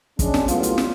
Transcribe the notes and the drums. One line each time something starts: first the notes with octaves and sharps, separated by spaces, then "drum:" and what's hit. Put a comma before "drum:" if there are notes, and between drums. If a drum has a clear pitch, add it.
C#3 G#3 D4, drum: kick, hi-hat
drum: snare
A2 F#3 B3 F4, drum: hi-hat
drum: hi-hat
drum: snare